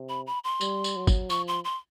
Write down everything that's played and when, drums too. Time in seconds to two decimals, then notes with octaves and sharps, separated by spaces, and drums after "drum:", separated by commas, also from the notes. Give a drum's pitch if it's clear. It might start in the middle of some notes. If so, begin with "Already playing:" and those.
Already playing: C3
0.09 B5
0.27 B5
0.44 C6
0.61 G3, drum: tambourine
0.84 drum: tambourine
0.96 F#3
1.07 drum: kick, tambourine
1.30 F3 C#6, drum: tambourine
1.48 C6
1.64 C6